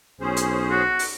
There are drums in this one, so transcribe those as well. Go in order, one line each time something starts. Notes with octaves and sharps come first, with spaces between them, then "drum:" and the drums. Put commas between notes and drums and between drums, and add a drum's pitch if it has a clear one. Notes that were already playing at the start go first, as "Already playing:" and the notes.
B1 C#4 G#4 C5
drum: hi-hat
F#4
drum: open hi-hat